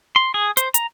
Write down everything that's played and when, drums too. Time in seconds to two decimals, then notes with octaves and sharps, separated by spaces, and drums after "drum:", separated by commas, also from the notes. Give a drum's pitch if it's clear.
0.16 C6
0.34 G#4
0.57 C5, drum: hi-hat
0.74 A#5, drum: hi-hat